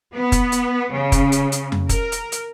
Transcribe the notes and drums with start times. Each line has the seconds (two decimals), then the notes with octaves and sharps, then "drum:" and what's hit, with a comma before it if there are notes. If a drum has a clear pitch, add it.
0.14 B3
0.32 drum: kick, hi-hat
0.52 drum: hi-hat
0.92 C#3
1.12 drum: kick, hi-hat
1.32 drum: hi-hat
1.52 drum: hi-hat
1.72 drum: tom F2
1.89 A#4, drum: kick, hi-hat
2.12 drum: hi-hat
2.32 drum: hi-hat